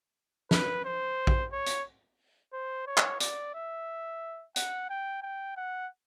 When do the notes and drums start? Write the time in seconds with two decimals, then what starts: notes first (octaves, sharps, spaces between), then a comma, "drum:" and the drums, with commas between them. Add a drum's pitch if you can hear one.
0.51 B4, drum: snare
0.85 C5
1.27 drum: kick A#1
1.52 C#5
1.66 drum: hi-hat
2.53 C5
2.87 C#5
2.97 drum: clap
3.20 D5, drum: hi-hat
3.54 E5
4.56 F#5, drum: hi-hat
4.89 G5
5.22 G5
5.57 F#5